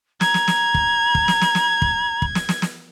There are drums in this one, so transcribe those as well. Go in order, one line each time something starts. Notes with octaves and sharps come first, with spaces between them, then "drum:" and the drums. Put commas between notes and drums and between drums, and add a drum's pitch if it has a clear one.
A#5 G#6, drum: snare
drum: snare
drum: snare
drum: kick
drum: kick
drum: snare
drum: snare
drum: snare
drum: kick
drum: kick
drum: snare
drum: snare
drum: snare